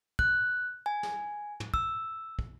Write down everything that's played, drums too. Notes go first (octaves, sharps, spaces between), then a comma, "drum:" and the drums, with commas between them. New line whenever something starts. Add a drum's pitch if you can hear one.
F#6, drum: kick
G#5
drum: snare
drum: tom
E6, drum: kick
drum: kick